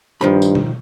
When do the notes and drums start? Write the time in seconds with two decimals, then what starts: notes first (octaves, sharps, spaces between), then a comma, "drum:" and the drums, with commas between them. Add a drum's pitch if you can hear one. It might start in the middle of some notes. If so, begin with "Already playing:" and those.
0.21 G2 D#3 F3 B5
0.42 drum: tambourine
0.55 drum: tom B2